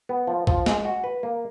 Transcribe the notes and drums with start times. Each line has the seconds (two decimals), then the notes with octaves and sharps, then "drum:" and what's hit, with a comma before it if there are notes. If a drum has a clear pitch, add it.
0.09 B3
0.27 F3
0.47 F3, drum: kick G#1
0.66 G#3, drum: snare
0.85 F#4
1.04 B4
1.23 A#3